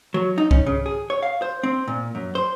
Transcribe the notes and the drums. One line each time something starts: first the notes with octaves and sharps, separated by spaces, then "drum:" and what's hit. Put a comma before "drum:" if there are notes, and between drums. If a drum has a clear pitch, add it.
F#3
D#4
C#4, drum: kick C2
C#3
G#4
C#5
F5
C5
C4
A#2
F#2
C5